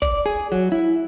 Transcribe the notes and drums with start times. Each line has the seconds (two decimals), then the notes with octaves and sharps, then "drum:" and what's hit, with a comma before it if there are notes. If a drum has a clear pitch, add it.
0.02 D5, drum: kick
0.26 G#4
0.52 F#3
0.72 E4